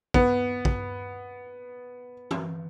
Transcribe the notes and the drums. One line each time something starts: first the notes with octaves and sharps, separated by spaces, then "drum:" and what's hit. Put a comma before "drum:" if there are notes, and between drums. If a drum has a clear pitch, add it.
B3, drum: kick
drum: kick
drum: tom